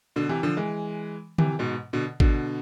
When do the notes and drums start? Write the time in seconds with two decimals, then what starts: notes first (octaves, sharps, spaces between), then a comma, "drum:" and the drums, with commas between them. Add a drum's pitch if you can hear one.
0.16 B2 D3
0.29 C3 E3
0.43 D3 F3
0.57 E3 G#3
1.38 C3 E3, drum: tom D3
1.59 G#2 B2
1.93 B2 D3
2.20 B2 D3, drum: kick G#1